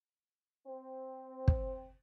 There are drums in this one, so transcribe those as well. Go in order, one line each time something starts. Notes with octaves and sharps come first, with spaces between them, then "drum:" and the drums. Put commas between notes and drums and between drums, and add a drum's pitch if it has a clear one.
C4
drum: kick